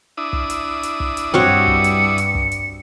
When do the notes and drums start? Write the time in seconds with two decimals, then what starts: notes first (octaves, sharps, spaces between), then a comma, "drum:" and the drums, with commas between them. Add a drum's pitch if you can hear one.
0.17 D4 E4 D#6
0.33 drum: kick
0.50 drum: hi-hat
0.83 drum: hi-hat
1.00 drum: kick
1.17 drum: hi-hat
1.34 G2 C4 F#4 C#5 C#7
1.67 drum: kick
1.84 drum: hi-hat
2.18 drum: hi-hat
2.35 drum: kick
2.52 drum: hi-hat